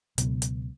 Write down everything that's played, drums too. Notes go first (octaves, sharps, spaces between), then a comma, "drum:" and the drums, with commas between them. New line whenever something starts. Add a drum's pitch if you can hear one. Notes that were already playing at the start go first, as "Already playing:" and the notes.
C#2 B2 F#3 B3, drum: hi-hat
drum: hi-hat